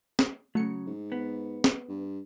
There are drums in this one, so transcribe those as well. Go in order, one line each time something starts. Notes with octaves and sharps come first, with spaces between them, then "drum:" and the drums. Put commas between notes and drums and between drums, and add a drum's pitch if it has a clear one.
drum: snare
C#3 F#3 A3 C#7
G#2
B3
drum: snare
G2